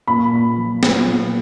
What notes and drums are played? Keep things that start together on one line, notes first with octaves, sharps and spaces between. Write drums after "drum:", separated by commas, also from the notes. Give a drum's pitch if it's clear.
A#2 B5
A#2
F3
F#3, drum: snare
A#2